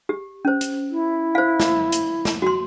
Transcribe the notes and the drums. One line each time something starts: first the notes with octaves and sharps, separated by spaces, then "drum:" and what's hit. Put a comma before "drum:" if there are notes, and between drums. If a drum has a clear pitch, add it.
G4
C#4 C5
drum: hi-hat
E4
C5 F5
drum: snare
drum: hi-hat
drum: snare
F#4 C6